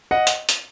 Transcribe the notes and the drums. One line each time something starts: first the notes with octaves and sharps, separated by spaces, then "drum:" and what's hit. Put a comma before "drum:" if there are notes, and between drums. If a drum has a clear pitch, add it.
D#5 F#5
drum: hi-hat
drum: hi-hat